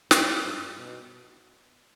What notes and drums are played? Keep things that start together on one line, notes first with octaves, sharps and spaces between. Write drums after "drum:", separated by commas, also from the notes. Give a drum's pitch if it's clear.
F#2, drum: snare
G2
B2